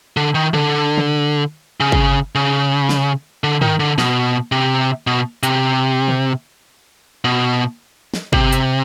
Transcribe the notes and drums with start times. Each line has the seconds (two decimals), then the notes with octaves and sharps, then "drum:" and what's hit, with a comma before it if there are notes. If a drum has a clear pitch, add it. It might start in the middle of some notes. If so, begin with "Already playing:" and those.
0.17 D3
0.35 D#3
0.53 D3, drum: tom
0.98 drum: tom
1.80 C#3
1.92 drum: kick
2.35 C#3
2.89 drum: snare
3.44 D3
3.61 D#3, drum: tom
3.80 D3
3.98 B2, drum: snare
4.52 C3
5.07 B2
5.43 C3, drum: hi-hat
6.08 drum: tom
7.25 B2
8.14 drum: snare
8.33 C3, drum: kick
8.52 drum: hi-hat